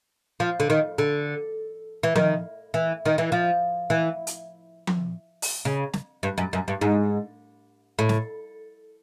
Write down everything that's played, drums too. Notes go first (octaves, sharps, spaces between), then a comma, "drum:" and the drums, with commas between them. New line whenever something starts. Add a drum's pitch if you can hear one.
F3
D3
D#3
D3
E3
D#3, drum: tom F3
E3
D#3
E3
F3
E3
drum: hi-hat
drum: tom F3
drum: open hi-hat
C#3
drum: snare
G2
F#2
F#2
G2
G#2
A2
drum: snare